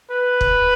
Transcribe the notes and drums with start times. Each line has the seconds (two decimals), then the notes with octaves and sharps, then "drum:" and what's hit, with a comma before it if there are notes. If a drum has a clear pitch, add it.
0.11 B4
0.41 drum: kick